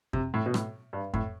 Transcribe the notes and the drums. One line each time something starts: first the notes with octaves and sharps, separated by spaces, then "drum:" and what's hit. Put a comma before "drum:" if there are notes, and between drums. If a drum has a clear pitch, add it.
C3, drum: kick F2
A2
B2
A2, drum: rim click
G2
A2, drum: kick F2